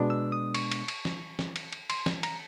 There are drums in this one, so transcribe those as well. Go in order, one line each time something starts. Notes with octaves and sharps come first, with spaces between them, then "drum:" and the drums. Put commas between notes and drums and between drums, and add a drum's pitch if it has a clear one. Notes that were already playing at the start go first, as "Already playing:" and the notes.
Already playing: B2 G#3 B3 D4
E6
D#6
C#6, drum: cymbal
drum: cymbal
drum: cymbal
drum: snare
drum: snare
drum: cymbal
drum: cymbal
C6, drum: cymbal
drum: snare
A#5, drum: cymbal